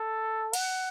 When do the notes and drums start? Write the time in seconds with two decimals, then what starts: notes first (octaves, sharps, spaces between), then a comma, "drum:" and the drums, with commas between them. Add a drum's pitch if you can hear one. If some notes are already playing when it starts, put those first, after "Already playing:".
Already playing: A4
0.53 F#5, drum: cymbal